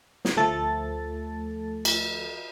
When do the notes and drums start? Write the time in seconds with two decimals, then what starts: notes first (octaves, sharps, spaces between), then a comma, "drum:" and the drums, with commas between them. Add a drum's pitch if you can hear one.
0.25 drum: snare
0.36 D2 F3 A3 A4 A6
1.85 drum: cymbal